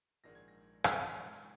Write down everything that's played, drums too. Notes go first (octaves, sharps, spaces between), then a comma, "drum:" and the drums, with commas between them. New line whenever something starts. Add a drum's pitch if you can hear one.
A#1 G#2 D#3 G#3 A#6
G#6
A#6
drum: rim click
A#1 G#2 D#3 G#3